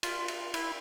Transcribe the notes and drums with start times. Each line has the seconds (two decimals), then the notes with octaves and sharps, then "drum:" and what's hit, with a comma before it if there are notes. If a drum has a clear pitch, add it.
0.03 F4, drum: cymbal
0.28 drum: cymbal
0.54 E4, drum: cymbal